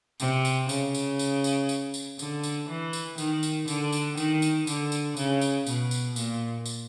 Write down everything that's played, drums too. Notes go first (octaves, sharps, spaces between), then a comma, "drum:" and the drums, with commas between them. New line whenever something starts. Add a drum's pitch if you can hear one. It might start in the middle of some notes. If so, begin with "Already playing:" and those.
C3, drum: tambourine
drum: tambourine
C#3, drum: tambourine
drum: tambourine
drum: tambourine
drum: tambourine
drum: tambourine
drum: tambourine
D3, drum: tambourine
drum: tambourine
E3
drum: tambourine
D#3, drum: tambourine
drum: tambourine
D3, drum: tambourine
drum: tambourine
D#3, drum: tambourine
drum: tambourine
D3, drum: tambourine
drum: tambourine
C#3, drum: tambourine
drum: tambourine
B2, drum: tambourine
drum: tambourine
A#2, drum: tambourine
drum: tambourine